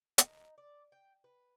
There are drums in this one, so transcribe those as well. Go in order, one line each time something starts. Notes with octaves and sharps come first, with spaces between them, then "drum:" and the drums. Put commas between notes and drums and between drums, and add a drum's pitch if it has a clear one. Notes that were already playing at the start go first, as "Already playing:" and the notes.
D#4, drum: hi-hat
D5
G5
B4